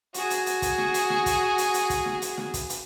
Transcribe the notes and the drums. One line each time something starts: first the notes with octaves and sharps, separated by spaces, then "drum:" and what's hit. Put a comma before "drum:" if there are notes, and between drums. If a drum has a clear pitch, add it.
F#4 G#4, drum: hi-hat
drum: hi-hat
drum: hi-hat
drum: kick, hi-hat
drum: snare
drum: hi-hat
drum: snare
drum: kick, hi-hat
drum: hi-hat
drum: hi-hat
drum: kick, hi-hat
drum: snare
drum: hi-hat
drum: snare
drum: kick, hi-hat
drum: hi-hat